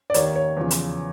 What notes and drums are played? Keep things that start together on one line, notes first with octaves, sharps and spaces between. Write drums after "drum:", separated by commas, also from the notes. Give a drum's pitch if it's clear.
D5
D#2 D#3 C#5, drum: hi-hat
C#5
E2 C#3 F3
drum: hi-hat